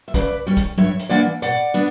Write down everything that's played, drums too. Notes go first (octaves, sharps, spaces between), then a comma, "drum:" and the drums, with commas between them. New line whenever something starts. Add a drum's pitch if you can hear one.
E5
C#3 B4 D5, drum: kick, hi-hat
G3 C#4
drum: kick, hi-hat
G2 C#5 E5, drum: tom F#3
drum: hi-hat
E3 A#3 D4 D5 F#5
B2 D5 F#5, drum: hi-hat
B3 D4